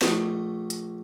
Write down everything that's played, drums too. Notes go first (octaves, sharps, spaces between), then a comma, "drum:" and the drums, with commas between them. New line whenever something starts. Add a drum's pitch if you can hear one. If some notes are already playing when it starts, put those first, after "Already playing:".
A#1 A3 D#5, drum: snare
drum: hi-hat